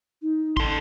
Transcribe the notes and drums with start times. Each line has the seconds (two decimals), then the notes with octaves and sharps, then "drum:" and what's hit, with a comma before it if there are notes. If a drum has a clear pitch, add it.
0.22 D#4
0.57 A4 C6, drum: kick